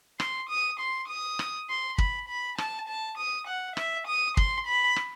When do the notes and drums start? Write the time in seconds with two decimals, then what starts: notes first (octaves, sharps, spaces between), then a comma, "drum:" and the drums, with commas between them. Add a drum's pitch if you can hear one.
0.20 C6, drum: rim click
0.50 D#6
0.80 C6
1.09 D#6
1.39 drum: rim click
1.69 C6
1.98 B5, drum: kick
2.29 B5
2.58 A5, drum: rim click
2.88 A5
3.18 D#6
3.48 F#5
3.77 E5, drum: rim click
4.08 D#6
4.37 C6, drum: kick
4.67 B5
4.96 drum: rim click